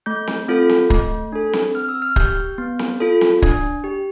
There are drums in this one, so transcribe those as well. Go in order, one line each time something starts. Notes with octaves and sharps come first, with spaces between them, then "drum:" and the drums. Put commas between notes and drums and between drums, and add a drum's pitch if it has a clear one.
A3 G6
drum: snare C4
C4 F4 A4
drum: snare C4
A3, drum: kick
D4 A4
drum: snare C4
C4 F6
E6
F6
G4 G6, drum: kick
B3
drum: snare C4
F4 A4
drum: snare C4
D4, drum: kick
G4